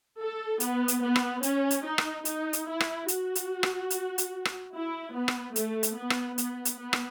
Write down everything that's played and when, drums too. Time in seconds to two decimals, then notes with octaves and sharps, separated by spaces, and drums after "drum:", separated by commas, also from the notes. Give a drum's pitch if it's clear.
0.19 A4
0.60 B3, drum: hi-hat
0.88 drum: hi-hat
1.02 B3
1.16 drum: rim click
1.43 C#4, drum: hi-hat
1.71 drum: hi-hat
1.85 D#4
1.98 drum: rim click
2.25 D#4, drum: hi-hat
2.53 drum: hi-hat
2.67 E4
2.80 drum: rim click
3.08 F#4, drum: hi-hat
3.35 drum: hi-hat
3.63 drum: rim click
3.90 drum: hi-hat
4.18 drum: hi-hat
4.45 drum: rim click
4.73 E4
5.14 B3
5.28 drum: rim click
5.56 A3, drum: hi-hat
5.83 drum: hi-hat
5.96 B3
6.10 drum: rim click
6.38 B3, drum: hi-hat
6.65 drum: hi-hat
6.78 B3
6.93 drum: rim click